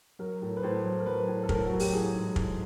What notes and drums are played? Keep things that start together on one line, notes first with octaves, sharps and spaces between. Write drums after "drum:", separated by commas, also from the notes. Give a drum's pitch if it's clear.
F#3 A#4
A2
B4
A2 C5
F#3
A#4
F#3 B4
A2
A4
A2 A#4, drum: kick
F#4
F#3
G4, drum: open hi-hat
E3 G#4
G#2
G#2, drum: kick